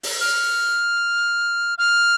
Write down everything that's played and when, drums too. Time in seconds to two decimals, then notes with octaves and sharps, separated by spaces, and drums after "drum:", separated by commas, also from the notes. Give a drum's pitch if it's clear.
0.03 drum: open hi-hat
0.21 F6
1.78 F6